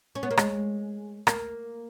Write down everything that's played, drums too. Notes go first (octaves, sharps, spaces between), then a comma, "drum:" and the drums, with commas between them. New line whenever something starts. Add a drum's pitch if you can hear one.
C#4
B3
A#3
G#3, drum: rim click
A#3, drum: rim click